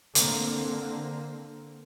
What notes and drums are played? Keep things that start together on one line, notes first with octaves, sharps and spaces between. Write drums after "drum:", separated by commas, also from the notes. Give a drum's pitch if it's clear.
D3 A#3 C4, drum: hi-hat